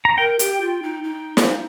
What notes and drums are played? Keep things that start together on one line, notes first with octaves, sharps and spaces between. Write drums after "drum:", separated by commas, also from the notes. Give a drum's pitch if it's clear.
A#5
A#4 G5
G4, drum: hi-hat
F4
D#4
D#4
drum: snare
D#4